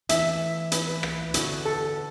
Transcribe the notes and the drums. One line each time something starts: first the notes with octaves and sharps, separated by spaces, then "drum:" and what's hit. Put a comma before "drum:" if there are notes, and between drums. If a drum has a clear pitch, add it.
E3 A3 E4 E5, drum: hi-hat
B4, drum: hi-hat
B4
drum: rim click
D3 B3 F#4, drum: hi-hat
A4